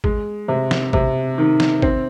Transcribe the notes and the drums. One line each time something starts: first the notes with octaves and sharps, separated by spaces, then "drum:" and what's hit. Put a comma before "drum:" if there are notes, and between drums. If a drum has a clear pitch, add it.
G#3, drum: kick
C3
drum: snare
C3, drum: kick
D#3
drum: snare
C4, drum: kick